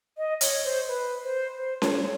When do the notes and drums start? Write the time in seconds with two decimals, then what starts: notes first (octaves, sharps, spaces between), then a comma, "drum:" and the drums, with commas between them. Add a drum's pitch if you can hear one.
0.18 D#5
0.41 C#5, drum: hi-hat
0.64 C5
0.88 B4
1.23 C5
1.58 C5
1.82 C#5, drum: snare C#4